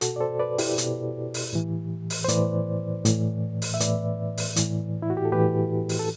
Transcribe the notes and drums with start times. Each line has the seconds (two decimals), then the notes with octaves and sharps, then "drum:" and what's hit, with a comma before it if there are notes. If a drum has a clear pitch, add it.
0.01 B2 F#4 A4, drum: hi-hat
0.16 D5
0.21 A4 C5
0.39 B4 D5
0.58 E4 G4, drum: open hi-hat
0.78 B2, drum: hi-hat
1.34 drum: open hi-hat
1.53 A2 E3
2.10 drum: open hi-hat
2.25 C5
2.28 A2 E3 B4 D5, drum: hi-hat
3.05 A2 E3, drum: hi-hat
3.62 drum: open hi-hat
3.74 E5
3.80 A2 E3 B4 D5, drum: hi-hat
4.38 drum: open hi-hat
4.56 A2 E3, drum: hi-hat
5.02 E4
5.10 F#4
5.17 G4
5.25 A4
5.32 A2 E3 G4 B4
5.89 drum: open hi-hat
5.99 A4